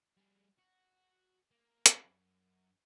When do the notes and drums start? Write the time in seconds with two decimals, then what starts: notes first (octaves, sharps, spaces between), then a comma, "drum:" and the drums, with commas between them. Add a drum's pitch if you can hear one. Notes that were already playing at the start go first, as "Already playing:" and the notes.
0.17 G3 G#4
0.59 F#4
1.51 A#3
1.86 drum: hi-hat
2.05 F#2